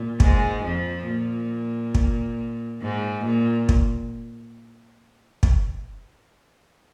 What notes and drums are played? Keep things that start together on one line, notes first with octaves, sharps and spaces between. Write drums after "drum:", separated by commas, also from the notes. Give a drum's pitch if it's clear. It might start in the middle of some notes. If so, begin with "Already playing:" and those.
Already playing: A#2
G#2 G#3, drum: kick
F2 F3
A#2
drum: kick
G#2
A#2
drum: kick
drum: kick